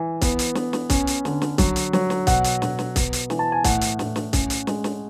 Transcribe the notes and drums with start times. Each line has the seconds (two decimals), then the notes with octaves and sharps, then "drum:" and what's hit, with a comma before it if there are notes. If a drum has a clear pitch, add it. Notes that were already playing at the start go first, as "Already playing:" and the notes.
Already playing: E3
0.21 B3, drum: kick, hi-hat
0.39 drum: hi-hat
0.55 B3, drum: snare
0.73 drum: snare
0.90 C#4, drum: kick, hi-hat
1.07 drum: hi-hat
1.25 D3, drum: snare
1.42 drum: snare
1.58 F#3, drum: kick, hi-hat
1.76 drum: hi-hat
1.93 F#3, drum: snare
2.10 drum: snare
2.27 B2 F#5, drum: kick, hi-hat
2.44 drum: hi-hat
2.62 B2, drum: snare
2.79 drum: snare
2.96 B3, drum: kick, hi-hat
3.13 drum: hi-hat
3.30 E3, drum: snare
3.39 A5
3.52 G#5
3.64 A2 F#5, drum: kick, hi-hat
3.81 drum: hi-hat
3.99 A2, drum: snare
4.16 drum: snare
4.33 C#4, drum: kick, hi-hat
4.50 drum: hi-hat
4.67 G#3, drum: snare
4.84 drum: snare